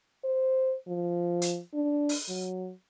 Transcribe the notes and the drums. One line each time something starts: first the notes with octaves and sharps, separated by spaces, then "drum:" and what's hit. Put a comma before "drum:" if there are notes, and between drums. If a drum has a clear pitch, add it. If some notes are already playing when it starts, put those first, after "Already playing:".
C5
F3
drum: hi-hat
D4
drum: open hi-hat
F#3